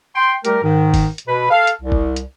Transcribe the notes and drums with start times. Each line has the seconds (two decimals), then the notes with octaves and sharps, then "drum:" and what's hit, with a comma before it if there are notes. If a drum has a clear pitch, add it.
0.15 G5 C6
0.45 G3 A3 G4 A#4, drum: hi-hat
0.63 G#2 D#3
0.94 drum: kick F#1, open hi-hat
1.18 drum: hi-hat
1.28 B2 B4
1.50 A4 F5
1.67 drum: hi-hat
1.82 C2
1.92 drum: kick F#1
2.16 drum: hi-hat